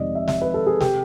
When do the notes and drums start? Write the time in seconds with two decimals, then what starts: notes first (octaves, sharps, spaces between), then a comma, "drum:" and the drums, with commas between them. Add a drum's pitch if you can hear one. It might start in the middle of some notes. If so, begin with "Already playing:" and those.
Already playing: F1 F2 C3 D#3 G#3 D5 D#5
0.15 E5
0.28 E5, drum: snare
0.42 B4
0.54 A4
0.67 G#4
0.80 C3 G4, drum: snare